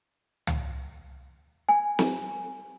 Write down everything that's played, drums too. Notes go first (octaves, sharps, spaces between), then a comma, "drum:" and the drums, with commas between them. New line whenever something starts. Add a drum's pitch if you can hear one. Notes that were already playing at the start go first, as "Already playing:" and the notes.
drum: tom
G#5
drum: snare